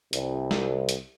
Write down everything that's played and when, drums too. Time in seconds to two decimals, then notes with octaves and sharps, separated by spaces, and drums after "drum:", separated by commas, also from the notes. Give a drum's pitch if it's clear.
0.13 C2, drum: hi-hat
0.51 drum: snare
0.89 drum: hi-hat